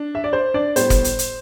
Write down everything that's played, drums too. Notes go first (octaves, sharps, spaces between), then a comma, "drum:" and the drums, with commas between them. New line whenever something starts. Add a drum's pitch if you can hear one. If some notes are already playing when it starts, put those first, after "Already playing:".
Already playing: D4
E5
D5
C5
D4 D5
A2 G3 B3 C5, drum: hi-hat
drum: kick, hi-hat
drum: hi-hat
drum: hi-hat